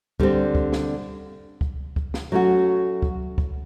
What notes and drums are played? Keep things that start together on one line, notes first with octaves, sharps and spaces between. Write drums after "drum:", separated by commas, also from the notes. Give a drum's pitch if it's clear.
D3 G3 C4, drum: kick
drum: kick
drum: snare
drum: kick
drum: kick
drum: snare
F#3 A3 C#4 F#4
drum: kick
drum: kick